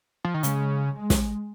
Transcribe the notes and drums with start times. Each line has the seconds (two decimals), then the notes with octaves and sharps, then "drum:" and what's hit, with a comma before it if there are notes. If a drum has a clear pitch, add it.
0.25 F3
0.34 D#3
0.43 C#3 G#3, drum: hi-hat
0.94 G#3
1.10 drum: snare